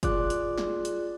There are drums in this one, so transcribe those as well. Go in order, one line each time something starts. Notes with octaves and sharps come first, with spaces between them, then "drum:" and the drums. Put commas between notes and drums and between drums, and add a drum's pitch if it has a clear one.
F4 G#4 D5 D6 F#6, drum: kick, hi-hat
drum: hi-hat
drum: snare
drum: hi-hat